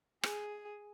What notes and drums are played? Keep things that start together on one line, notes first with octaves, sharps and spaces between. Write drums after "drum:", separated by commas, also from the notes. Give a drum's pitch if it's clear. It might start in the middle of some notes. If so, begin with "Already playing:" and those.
G#4, drum: rim click